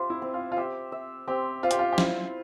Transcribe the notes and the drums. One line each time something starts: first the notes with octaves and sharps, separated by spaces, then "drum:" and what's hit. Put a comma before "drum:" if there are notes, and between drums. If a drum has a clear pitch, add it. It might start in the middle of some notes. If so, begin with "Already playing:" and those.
Already playing: F4 G4 C5 E5
E4
C4
F4
F4
G4 E5
E5
C4 G4
F4 C5
G4, drum: hi-hat
F4
G4
E4 F4, drum: snare